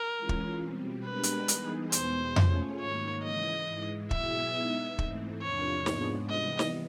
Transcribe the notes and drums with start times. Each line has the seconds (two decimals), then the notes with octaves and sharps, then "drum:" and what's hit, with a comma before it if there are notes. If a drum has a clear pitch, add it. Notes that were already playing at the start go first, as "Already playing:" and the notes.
Already playing: A#4
0.17 E3 G#3 C#4 F4
0.29 drum: kick
0.61 B2 G3 C4
1.04 G#3 B3 D4 G4 A#4 B4
1.23 drum: hi-hat
1.48 E3 G3 B3 D#4 G#4, drum: hi-hat
1.92 E2 B2 G#3 B3 C5, drum: hi-hat
2.36 A3 C#4 F4 G#4 C#5, drum: tom F2
2.80 G#2 D#3 F#3 A#3 C#5
3.23 C#3 E3 G#3 D#5
3.67 G#2 E3 G#3
4.11 B2 F#3 B3 E4 G#4 E5, drum: kick
4.55 G#3 B3 D#4
4.99 G#2 E3 A3 C4, drum: kick
5.42 E2 C3 F3 A#3 D4 C#5
5.86 G#2 F3 G#3 B3 D4, drum: snare
6.30 C3 E3 G3 B3 D#5
6.59 drum: snare